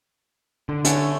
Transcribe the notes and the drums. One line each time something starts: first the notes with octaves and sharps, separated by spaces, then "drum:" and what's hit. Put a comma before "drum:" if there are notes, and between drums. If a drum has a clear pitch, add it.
D3
A3 C#4 F#5, drum: hi-hat